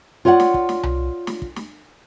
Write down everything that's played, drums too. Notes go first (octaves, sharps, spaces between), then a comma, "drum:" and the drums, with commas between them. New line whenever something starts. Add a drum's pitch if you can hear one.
F4 C#5 D5 F5 F#5
drum: snare
drum: kick
drum: snare
drum: tom C2
drum: snare
drum: kick
drum: snare